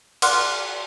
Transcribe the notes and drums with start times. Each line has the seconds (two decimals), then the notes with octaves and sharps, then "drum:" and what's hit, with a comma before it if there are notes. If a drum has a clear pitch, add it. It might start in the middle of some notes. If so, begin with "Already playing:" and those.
0.22 F#5 C6 D6 F6 F#6, drum: cymbal